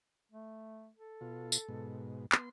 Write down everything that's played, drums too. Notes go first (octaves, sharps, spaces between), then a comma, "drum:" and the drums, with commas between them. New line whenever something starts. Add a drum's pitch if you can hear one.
A3
A4
B2 F4
drum: tambourine
G#2 B2
B3 C6, drum: clap